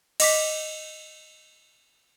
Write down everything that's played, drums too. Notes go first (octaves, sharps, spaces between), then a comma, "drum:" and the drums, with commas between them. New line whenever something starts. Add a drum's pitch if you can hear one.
D#5 D6 B6, drum: cymbal